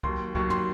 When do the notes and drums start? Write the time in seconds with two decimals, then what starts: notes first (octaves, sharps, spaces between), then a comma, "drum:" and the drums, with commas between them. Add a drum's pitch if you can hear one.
0.03 D#2 D#3 F#3 C6, drum: kick C2
0.35 D#2 D#3 F#3 C#6, drum: kick C2
0.50 C6, drum: tom